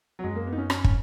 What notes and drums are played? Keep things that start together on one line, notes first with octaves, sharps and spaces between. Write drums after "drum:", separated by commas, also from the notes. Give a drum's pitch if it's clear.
F#3
F#2 G#3
A#3
B3
D#4
C#4
C#4, drum: rim click
drum: kick